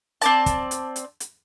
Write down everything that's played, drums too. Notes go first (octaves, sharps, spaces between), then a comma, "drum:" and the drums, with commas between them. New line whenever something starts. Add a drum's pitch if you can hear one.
C4 D5 A5, drum: hi-hat
drum: kick, hi-hat
drum: hi-hat
drum: hi-hat
drum: hi-hat